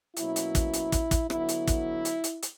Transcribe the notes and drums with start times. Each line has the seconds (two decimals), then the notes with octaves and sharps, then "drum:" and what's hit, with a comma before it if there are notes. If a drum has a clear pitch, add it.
0.17 B2 F#3 A#3 C#4 E4, drum: hi-hat
0.36 drum: hi-hat
0.55 drum: kick, hi-hat
0.74 drum: hi-hat
0.92 drum: kick, hi-hat
1.11 drum: kick, hi-hat
1.30 D3 F#3 B3 E4, drum: rim click
1.49 drum: hi-hat
1.67 drum: kick, hi-hat
2.05 drum: hi-hat
2.24 drum: hi-hat
2.43 drum: hi-hat